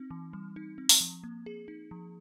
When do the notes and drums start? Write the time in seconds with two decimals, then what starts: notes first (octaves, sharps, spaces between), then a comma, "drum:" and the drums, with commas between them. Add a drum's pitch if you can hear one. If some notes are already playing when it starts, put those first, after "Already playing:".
Already playing: C4 D#4
0.11 E3
0.33 G3
0.56 D#4
0.78 C4
0.89 drum: open hi-hat
1.01 F3
1.24 A#3
1.46 G#4
1.68 D#4
1.91 F3